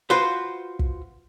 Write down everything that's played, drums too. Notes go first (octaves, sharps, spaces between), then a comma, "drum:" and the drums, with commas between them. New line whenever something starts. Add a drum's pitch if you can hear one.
F4 F#4 B4 C5
drum: kick